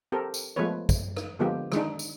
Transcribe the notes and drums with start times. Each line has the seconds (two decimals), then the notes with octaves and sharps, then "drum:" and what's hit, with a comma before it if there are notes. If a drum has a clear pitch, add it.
0.12 C4 G4 A4 A#4
0.34 drum: tambourine
0.56 F3 G#3 A3 B3 B4 C#5
0.89 drum: kick, tambourine
1.17 drum: rim click
1.39 D3 F3 G#3 A#3 B3 G4
1.72 D#3 G#3 D4 D#4, drum: rim click
1.99 drum: tambourine